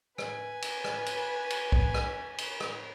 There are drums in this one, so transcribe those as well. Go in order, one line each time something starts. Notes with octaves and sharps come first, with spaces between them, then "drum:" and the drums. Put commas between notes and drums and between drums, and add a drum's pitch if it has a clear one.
B4 G#5, drum: rim click
drum: cymbal
drum: rim click
drum: cymbal
drum: cymbal
drum: kick B1
drum: rim click
drum: cymbal
drum: rim click